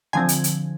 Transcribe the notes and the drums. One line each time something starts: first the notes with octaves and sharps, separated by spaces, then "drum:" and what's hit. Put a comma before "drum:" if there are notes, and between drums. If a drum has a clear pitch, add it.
D3 F3 C4 G#5 G#6
drum: hi-hat
drum: hi-hat